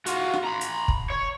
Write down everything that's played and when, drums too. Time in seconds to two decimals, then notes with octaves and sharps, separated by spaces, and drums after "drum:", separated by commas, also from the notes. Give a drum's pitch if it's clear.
0.06 F4 F#4, drum: hi-hat
0.34 drum: rim click
0.45 A#5 B5
0.61 drum: hi-hat
0.88 drum: kick
1.10 C#5